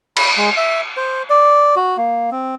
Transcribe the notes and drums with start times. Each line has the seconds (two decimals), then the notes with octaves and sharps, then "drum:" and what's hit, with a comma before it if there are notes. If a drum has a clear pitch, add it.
0.17 B5, drum: cymbal
0.37 G#3
0.57 E5
0.97 C5
1.30 D5
1.76 F#4
1.97 A#3
2.31 C4